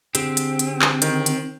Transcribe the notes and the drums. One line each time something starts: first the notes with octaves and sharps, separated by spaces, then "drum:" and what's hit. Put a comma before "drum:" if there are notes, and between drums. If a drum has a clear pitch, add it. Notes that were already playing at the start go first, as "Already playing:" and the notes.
D3 C4 G4 G#4, drum: hi-hat
drum: hi-hat
drum: hi-hat
drum: clap
D#3, drum: hi-hat
drum: hi-hat